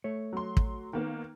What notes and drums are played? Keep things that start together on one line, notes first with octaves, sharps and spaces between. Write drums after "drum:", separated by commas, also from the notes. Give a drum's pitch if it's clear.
A3 C#5
F#3 C6
drum: kick
D#3 A#3 B3